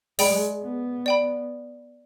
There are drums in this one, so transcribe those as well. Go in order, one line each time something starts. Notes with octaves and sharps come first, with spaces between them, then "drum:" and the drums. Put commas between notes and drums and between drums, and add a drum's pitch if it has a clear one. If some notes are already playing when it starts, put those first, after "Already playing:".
G#3 G#4 D5 G5 B5, drum: open hi-hat
B3
D5 G5 B5